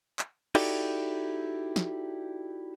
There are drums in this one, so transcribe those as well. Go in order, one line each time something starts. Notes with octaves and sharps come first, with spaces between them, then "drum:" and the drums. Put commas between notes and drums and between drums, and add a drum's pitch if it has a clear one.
drum: clap
D#4 E4 F#4 G4 A4 D5, drum: cymbal
drum: snare